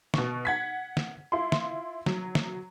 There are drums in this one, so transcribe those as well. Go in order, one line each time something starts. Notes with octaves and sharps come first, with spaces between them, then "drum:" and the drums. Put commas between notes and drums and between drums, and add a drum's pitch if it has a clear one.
B2 C#6, drum: snare
F#5 G#6 B6
drum: snare
E4 F4 C6
drum: snare
F#3, drum: snare
drum: snare